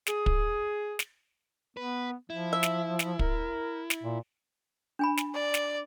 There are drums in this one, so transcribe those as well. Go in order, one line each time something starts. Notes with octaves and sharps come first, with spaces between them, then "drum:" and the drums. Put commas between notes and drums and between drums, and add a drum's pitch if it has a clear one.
G#4, drum: snare
drum: kick
drum: snare
B3 B4
F3 E4
E5
drum: snare
drum: snare
A#4, drum: kick
drum: snare
A#2
D4 G#5 B5
drum: snare
D5
drum: snare